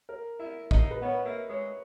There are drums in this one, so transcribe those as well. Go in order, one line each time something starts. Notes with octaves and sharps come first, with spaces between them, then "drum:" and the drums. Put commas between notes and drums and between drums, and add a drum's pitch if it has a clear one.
A#4
E4 E5
D#4 D#5, drum: kick
B4
B3 C#5
A#3 E5
G#3 C#5